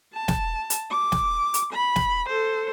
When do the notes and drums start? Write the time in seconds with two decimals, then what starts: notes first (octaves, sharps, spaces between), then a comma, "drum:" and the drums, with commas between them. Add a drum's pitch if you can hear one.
0.14 A5
0.28 drum: snare
0.70 drum: hi-hat
0.91 D6
1.12 drum: snare
1.54 drum: hi-hat
1.73 B5
1.96 drum: snare
2.29 A4 C5